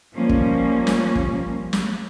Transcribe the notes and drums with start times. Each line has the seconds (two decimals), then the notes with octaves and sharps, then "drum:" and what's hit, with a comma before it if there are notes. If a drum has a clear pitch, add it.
0.15 F3 G3 A#3 C#4
0.29 drum: kick
0.87 drum: snare
1.15 drum: kick
1.73 drum: snare